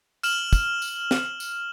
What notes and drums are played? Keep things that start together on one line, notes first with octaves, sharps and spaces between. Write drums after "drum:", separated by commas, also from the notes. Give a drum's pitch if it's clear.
F6 E7 F#7, drum: tambourine
drum: kick, tambourine
drum: tambourine
drum: snare
drum: tambourine